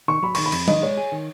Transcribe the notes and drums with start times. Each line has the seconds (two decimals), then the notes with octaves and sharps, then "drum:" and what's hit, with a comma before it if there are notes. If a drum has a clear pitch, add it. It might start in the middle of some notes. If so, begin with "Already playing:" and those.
0.08 D#3 C#6
0.23 F#3 B5
0.35 D#3 C#6, drum: cymbal
0.46 B5
0.52 F2, drum: cymbal
0.68 D#3 D#5, drum: tom F#3
0.82 G#3 C#5
0.97 G#4
1.12 D#3